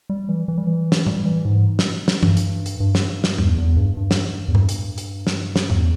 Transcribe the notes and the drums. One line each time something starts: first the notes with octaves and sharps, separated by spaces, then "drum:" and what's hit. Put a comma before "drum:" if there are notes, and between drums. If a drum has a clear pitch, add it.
G3
E3
E3
G3
E3
drum: snare
G3, drum: tom A2
E3
G#2
drum: snare
drum: snare
G2, drum: tom E3
drum: hi-hat
drum: hi-hat
G2
drum: snare
drum: snare
E2, drum: tom
E2
G2
G2
drum: snare
E2
G2, drum: tom A2
drum: hi-hat
drum: hi-hat
drum: snare
drum: snare
E2, drum: tom A2